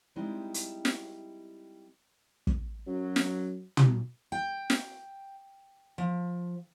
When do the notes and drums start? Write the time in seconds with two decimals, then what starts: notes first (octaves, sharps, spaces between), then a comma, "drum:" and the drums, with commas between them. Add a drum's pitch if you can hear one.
0.16 G3 G#3 C4 D#4 E4
0.54 drum: hi-hat
0.85 drum: snare
2.47 drum: kick
2.87 F#2 F#3
3.16 drum: snare
3.77 drum: tom
4.32 G5
4.70 drum: snare
5.98 F3